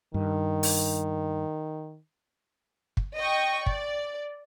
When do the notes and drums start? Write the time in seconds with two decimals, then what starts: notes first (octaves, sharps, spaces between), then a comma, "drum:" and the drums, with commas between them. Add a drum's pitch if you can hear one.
0.14 G2 D#3
0.63 drum: open hi-hat
2.97 drum: kick
3.18 D#5 G5 C#6
3.66 D5, drum: kick